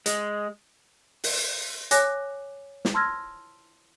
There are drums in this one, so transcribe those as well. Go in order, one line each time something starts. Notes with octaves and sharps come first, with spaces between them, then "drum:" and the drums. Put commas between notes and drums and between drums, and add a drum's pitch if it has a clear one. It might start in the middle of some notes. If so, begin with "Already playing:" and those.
G#3, drum: hi-hat
drum: open hi-hat
C#5 G#5 D6 F#6 A#6, drum: hi-hat
drum: snare
A5 C6 E6 F6 G#6 A#6